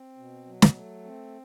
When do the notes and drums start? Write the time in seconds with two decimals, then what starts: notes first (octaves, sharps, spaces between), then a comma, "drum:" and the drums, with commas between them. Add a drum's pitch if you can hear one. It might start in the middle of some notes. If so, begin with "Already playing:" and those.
Already playing: C4
0.17 B2
0.45 F#3
0.62 drum: snare
0.75 A3
1.04 C4